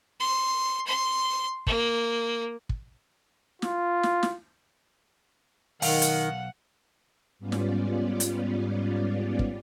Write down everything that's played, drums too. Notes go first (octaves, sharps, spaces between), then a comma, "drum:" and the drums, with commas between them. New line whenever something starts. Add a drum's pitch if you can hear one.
C6
C6
A#3, drum: kick
drum: kick
F4, drum: snare
drum: snare
drum: snare
B1 D#3 F5 F#5, drum: open hi-hat
drum: hi-hat
G#2 G3 B3 C#4 F4 D5
drum: snare
drum: hi-hat
drum: kick